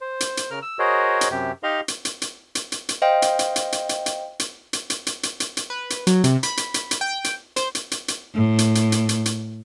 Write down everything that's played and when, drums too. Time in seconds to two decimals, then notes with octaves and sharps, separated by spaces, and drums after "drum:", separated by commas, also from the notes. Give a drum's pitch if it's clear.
0.01 C5
0.20 drum: hi-hat
0.37 drum: hi-hat
0.51 C#3 A#4 F6
0.62 E6
0.79 F#4 G#4 A#4 C5 C#5 D#5
1.21 drum: hi-hat
1.31 F#2 C3 G4
1.63 D#4 G4 D#5 F5 A#5 C6
1.88 drum: hi-hat
2.05 drum: hi-hat
2.22 drum: hi-hat
2.55 drum: hi-hat
2.72 drum: hi-hat
2.89 drum: hi-hat
3.02 C5 D#5 F5 G5
3.22 drum: hi-hat
3.39 drum: hi-hat
3.56 drum: hi-hat
3.72 drum: hi-hat
3.89 drum: hi-hat
4.06 drum: hi-hat
4.39 drum: hi-hat
4.73 drum: hi-hat
4.90 drum: hi-hat
5.07 drum: hi-hat
5.23 drum: hi-hat
5.40 drum: hi-hat
5.57 drum: hi-hat
5.70 B4
5.90 drum: hi-hat
6.07 F#3, drum: hi-hat
6.24 C3, drum: hi-hat
6.43 B5, drum: hi-hat
6.57 drum: hi-hat
6.74 drum: hi-hat
6.91 drum: hi-hat
7.01 G5
7.24 drum: hi-hat
7.56 C5, drum: hi-hat
7.75 drum: hi-hat
7.91 drum: hi-hat
8.08 drum: hi-hat
8.34 A2
8.58 drum: hi-hat
8.75 drum: hi-hat
8.92 drum: hi-hat
9.09 drum: hi-hat
9.26 drum: hi-hat